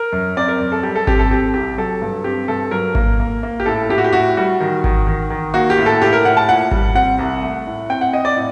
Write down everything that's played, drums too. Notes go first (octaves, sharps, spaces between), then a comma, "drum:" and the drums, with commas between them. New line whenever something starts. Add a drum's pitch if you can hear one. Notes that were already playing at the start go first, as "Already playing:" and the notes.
Already playing: A#4
F#2
C4 D5
A#4
F#2
A4
G3 G4
A4
C4 G4, drum: kick G#1
A4
C4 G4
C2 G4
F#3 A4
G2
C4 G4
G2 A4
F#3 A#4
A#3, drum: kick G#1
A#3
A#3
G4
A2 A4
A2 G4
F#4
G4
A2 F#4
G3 F#4
D#3
D#3, drum: kick G#1
D#3
D#3
A#3 F#4
G4
A2
A4
A2 G4
A#4
A2 F#5
A5
A#2 F#5
G3, drum: kick G#1
C4 F#5
C2
A3
A2
C4 G5
F#5
C4 D#5
D5
A2